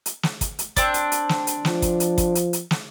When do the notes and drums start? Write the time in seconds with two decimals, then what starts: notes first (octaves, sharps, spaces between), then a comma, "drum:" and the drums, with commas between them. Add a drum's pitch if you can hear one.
0.06 drum: hi-hat
0.23 drum: snare
0.41 drum: kick, hi-hat
0.59 drum: hi-hat
0.77 C4 D4, drum: kick, hi-hat
0.94 drum: hi-hat
1.12 drum: hi-hat
1.29 drum: snare
1.47 drum: hi-hat
1.65 F3, drum: snare
1.82 drum: kick, hi-hat
2.00 drum: hi-hat
2.18 drum: kick, hi-hat
2.35 drum: hi-hat
2.53 drum: hi-hat
2.71 drum: snare